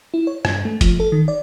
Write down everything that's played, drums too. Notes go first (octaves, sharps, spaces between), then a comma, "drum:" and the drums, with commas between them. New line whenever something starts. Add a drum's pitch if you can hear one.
E4
C#5
G2, drum: rim click
A3
F3, drum: kick F1, hi-hat
A4
D#3
D5